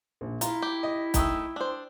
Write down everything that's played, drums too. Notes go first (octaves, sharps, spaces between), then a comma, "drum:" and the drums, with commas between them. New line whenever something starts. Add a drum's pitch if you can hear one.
A#1
E4 F4 A#5, drum: hi-hat
G4
D#5
A3 D#4 G5 D#6 E6, drum: kick, hi-hat
D4 C5